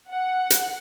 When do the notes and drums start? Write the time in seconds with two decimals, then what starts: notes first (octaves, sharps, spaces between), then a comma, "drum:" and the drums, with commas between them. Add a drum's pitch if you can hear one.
0.11 F#5
0.50 drum: hi-hat